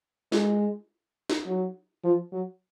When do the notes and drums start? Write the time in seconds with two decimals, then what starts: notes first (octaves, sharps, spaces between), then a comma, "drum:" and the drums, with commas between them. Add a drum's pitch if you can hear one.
0.32 G#3, drum: snare
1.30 drum: snare
1.47 F#3
2.04 F3
2.32 F#3